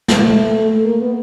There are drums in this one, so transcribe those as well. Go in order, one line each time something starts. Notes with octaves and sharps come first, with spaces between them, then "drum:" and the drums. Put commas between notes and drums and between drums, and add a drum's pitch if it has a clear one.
G#3, drum: snare
A3
A3
A#3
B3